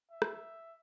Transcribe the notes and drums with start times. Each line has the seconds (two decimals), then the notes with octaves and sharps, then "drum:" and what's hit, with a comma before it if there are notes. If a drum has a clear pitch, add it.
0.11 E5
0.22 drum: rim click